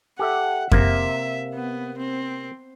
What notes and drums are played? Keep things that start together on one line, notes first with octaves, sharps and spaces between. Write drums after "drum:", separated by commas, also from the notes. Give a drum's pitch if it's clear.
G4 A4 E5 F#5
C3 A#3 E5, drum: kick F2
B3
C4